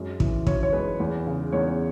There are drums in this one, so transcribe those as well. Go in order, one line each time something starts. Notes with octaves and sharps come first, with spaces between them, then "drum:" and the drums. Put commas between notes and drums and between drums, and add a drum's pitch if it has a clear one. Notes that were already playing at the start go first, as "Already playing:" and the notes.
Already playing: F#2 G#3
E3, drum: kick
F#2 C#5, drum: kick
C#5
G#3 B4
E2
C#3
E2 C#5